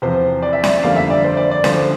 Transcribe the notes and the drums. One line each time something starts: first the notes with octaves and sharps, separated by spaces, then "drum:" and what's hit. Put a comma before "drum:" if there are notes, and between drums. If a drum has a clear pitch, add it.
E2 C3 F3 C4 C5
D5
E5
D5, drum: snare C#4
G1 F2 D3 G3 A#3 F5
E5
D5
C5
D5
D5
D2 D3 F3 C5, drum: snare C#4